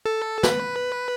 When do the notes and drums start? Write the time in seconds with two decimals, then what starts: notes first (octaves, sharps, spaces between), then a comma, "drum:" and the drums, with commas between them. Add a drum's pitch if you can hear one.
0.06 A4
0.43 B4, drum: snare